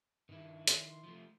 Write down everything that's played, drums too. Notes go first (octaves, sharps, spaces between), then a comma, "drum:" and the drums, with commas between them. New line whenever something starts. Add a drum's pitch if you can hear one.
G2 D#3 E4
C6, drum: hi-hat
F3 A3